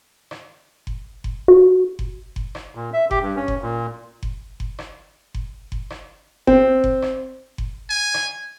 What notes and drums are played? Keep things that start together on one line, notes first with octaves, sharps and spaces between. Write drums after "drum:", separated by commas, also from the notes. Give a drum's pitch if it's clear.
drum: rim click
drum: kick F#1
drum: kick F#1
F#4
drum: kick F#1
drum: kick F#1
drum: rim click
A#2
E5
G4, drum: kick F#1
G2
C#4
drum: kick F#1
A#2
drum: kick F#1
drum: kick F#1
drum: rim click
drum: kick F#1
drum: kick F#1
drum: rim click
C4, drum: kick F#1
drum: kick F#1
drum: rim click
drum: kick F#1
G#5
drum: rim click